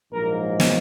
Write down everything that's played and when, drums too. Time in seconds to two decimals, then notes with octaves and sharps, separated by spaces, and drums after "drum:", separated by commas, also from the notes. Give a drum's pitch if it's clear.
0.12 A#1 G#2 F#3 A#3 A#4
0.60 drum: snare